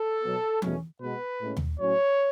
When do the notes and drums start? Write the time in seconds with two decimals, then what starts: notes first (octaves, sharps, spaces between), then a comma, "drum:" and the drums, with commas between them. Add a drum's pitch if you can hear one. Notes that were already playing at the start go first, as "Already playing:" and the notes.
Already playing: A4
0.23 B2 F#3 B3
0.62 E2 B2 F#3 A3 C#4, drum: tom E3
1.01 B2 G#3 B3 B4
1.40 A2 G#3 C#4
1.57 drum: tom D#2
1.79 A2 F#3 C#4 C#5